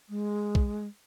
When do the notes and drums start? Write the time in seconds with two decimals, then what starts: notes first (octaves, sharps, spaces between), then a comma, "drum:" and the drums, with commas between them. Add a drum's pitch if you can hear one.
0.09 G#3
0.55 drum: kick